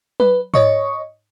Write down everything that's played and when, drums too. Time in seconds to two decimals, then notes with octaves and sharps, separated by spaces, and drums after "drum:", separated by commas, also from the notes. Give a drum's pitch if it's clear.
0.20 B4, drum: tom F#3
0.54 C#5 D#5 C#6, drum: tom G#2